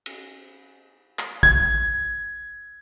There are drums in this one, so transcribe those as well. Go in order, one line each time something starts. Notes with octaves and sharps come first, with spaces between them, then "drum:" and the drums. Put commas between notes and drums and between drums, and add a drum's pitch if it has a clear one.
drum: cymbal
drum: clap
G#6, drum: kick